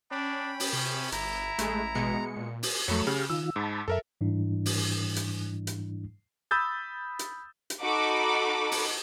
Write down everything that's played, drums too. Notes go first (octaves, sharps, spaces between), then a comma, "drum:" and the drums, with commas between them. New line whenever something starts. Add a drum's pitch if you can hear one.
C#4 D4 G5 B5
drum: open hi-hat
C3 C#4
G1 E4 A#5, drum: hi-hat
A1 G#3 A3, drum: hi-hat
B2 G#3 C#7
A#2
drum: open hi-hat
F2 F#3 A3 B5 C#6
C#3 G4 F6
D#3 F4 E6
G#2 A5 B5
F#2 A4 A#4 E5
G#2 E3 G3 D4 E4
drum: open hi-hat
drum: hi-hat
drum: hi-hat
B5 D#6 E6 G6 A6
drum: hi-hat
drum: hi-hat
D#4 F#4 A4 B5 D6
drum: open hi-hat